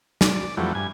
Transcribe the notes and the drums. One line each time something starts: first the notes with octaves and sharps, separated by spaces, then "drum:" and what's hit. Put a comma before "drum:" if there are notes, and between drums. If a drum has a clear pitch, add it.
D5, drum: snare
F2 E3 F#3 G3 A3
G2 G#5